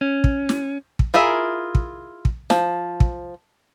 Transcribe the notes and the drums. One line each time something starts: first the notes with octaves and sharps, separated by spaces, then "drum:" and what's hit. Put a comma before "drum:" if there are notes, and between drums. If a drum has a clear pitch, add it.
C#4
drum: kick
drum: snare
drum: kick
E4 F4 G#4 A#4 E5
drum: kick
drum: kick
F3, drum: snare
drum: kick